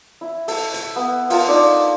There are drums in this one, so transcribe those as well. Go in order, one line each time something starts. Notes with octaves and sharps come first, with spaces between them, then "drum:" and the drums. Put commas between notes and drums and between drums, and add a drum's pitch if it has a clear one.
E4
A4, drum: open hi-hat
drum: hi-hat
B3
F4 A#4 A5, drum: open hi-hat
D4 D#4 A4 D5